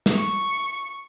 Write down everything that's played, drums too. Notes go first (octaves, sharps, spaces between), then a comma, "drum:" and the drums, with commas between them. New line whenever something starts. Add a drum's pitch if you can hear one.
drum: snare
C#6